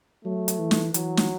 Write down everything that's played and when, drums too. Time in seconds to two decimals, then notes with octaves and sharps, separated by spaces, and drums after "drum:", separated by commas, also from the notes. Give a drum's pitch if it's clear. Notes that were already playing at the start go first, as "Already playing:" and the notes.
0.25 F#3 A3
0.48 drum: hi-hat
0.59 E3
0.71 drum: snare
0.94 E3 F#3, drum: hi-hat
1.17 drum: snare